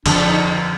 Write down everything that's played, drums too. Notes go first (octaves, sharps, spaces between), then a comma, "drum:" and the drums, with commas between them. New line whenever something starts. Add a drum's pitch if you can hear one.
F2 D3 F3 D4, drum: cymbal
D#4